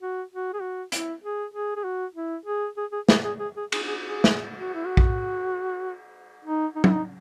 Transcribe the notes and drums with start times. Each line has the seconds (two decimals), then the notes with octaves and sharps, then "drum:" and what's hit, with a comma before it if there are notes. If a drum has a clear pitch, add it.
0.01 F#4
0.32 F#4
0.53 G#4
0.61 F#4
0.92 E4, drum: hi-hat
1.24 G#4
1.54 G#4
1.76 G#4
1.84 F#4
2.15 E4
2.45 G#4
2.77 G#4
2.92 G#4
3.09 G#4, drum: snare
3.24 G#4
3.40 G#4
3.57 G#4
3.72 G#4, drum: cymbal
3.87 G#4
4.03 G#4
4.24 drum: snare
4.60 F#4
4.74 E4
4.86 F#4
4.97 drum: kick A#1
6.45 D#4
6.76 D#4
6.84 E4, drum: tom
6.92 D#4